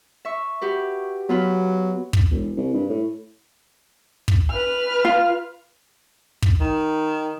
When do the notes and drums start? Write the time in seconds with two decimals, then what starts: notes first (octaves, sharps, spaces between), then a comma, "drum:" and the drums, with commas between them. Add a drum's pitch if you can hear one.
0.25 E5 C#6
0.61 F#4 G4 B4
1.29 F#3 B3 F4 B4
2.13 drum: kick
2.31 E1
2.57 C2
2.74 G2
2.89 A2
4.28 drum: kick
4.50 B4 F6
5.05 F4
6.42 drum: kick
6.60 D#3